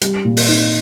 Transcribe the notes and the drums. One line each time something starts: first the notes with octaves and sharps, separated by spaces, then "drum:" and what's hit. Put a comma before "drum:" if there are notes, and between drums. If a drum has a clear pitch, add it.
G3, drum: hi-hat
A#2
drum: open hi-hat
D#4